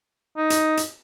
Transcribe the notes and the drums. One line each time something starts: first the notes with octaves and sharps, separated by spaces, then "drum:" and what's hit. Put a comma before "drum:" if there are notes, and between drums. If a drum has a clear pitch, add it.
D#4
drum: hi-hat
drum: hi-hat